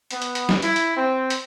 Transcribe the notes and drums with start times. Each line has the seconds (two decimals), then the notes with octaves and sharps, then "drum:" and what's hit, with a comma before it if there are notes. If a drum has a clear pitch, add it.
0.11 B3, drum: hi-hat
0.22 drum: hi-hat
0.35 drum: hi-hat
0.49 drum: snare
0.62 E4, drum: hi-hat
0.76 drum: hi-hat
0.96 C4
1.30 drum: hi-hat